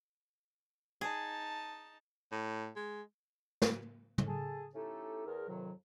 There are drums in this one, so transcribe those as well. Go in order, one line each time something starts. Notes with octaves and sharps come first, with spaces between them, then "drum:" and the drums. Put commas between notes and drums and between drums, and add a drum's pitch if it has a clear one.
D#4 G#4 A5
A2
G#3
drum: snare
drum: tom
G#4 A4 A5
A3 C#4 D#4 E4 G4 A4
E2 G#4 A#4
F2 G#2 C3 D#3 F#3